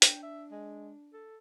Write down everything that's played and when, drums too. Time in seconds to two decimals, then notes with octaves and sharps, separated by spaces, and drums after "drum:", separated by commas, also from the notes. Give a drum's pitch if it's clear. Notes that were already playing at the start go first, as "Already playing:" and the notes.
0.02 D4 G5, drum: hi-hat
0.23 E5
0.51 G#3
1.13 A4